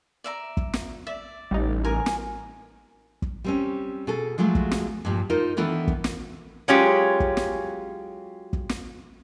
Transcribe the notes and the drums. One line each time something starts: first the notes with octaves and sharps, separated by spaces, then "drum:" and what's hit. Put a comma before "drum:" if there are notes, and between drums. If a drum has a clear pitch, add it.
D5 E5 A#5
drum: kick
drum: snare
D5 E5
A1 G3 D#4
A#4 G#5 A#5
drum: snare
drum: kick
G3 C4 C#4
B2 G#4 A4
F3 F#3 G#3 A3 F#4
drum: kick
drum: snare
G2 A#2 F3 G3
D#4 F4 A#4 C5
D#3 E3 B3 D4 A4
drum: kick
drum: snare
F#3 G#3 C#4 F4 G4
drum: kick
drum: snare
drum: kick
drum: snare